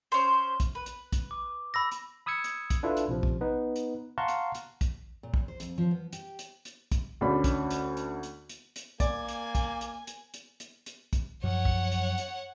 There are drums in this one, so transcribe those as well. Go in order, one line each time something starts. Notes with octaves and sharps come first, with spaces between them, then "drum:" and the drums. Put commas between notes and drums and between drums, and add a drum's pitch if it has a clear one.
C#4 C5
drum: kick, hi-hat
B4
drum: hi-hat
drum: kick, hi-hat
D6
B5 E6 A#6
drum: hi-hat
B5 D#6 E6 G#6 C#7
drum: hi-hat
drum: kick, hi-hat
D4 E4 F4 A4 B4
drum: hi-hat
A#1 C3 F3
drum: kick
B3 D#4 B4
drum: hi-hat
F5 F#5 A5 A#5 C6 C#6
drum: hi-hat
drum: hi-hat
drum: kick, hi-hat
A#2
drum: kick
C5
F2, drum: hi-hat
F3
B3
G4, drum: hi-hat
drum: hi-hat
drum: hi-hat
drum: kick, hi-hat
D2 C#4 D4 F#5 B5
drum: kick, hi-hat
drum: hi-hat
drum: hi-hat
drum: hi-hat
drum: hi-hat
drum: hi-hat
A#3 D5 G#5, drum: kick, hi-hat
drum: hi-hat
drum: kick, hi-hat
drum: hi-hat
drum: hi-hat
drum: hi-hat
drum: hi-hat
drum: hi-hat
drum: kick, hi-hat
F#2 F3 F#3 C#5 F#5
drum: kick
drum: hi-hat
drum: hi-hat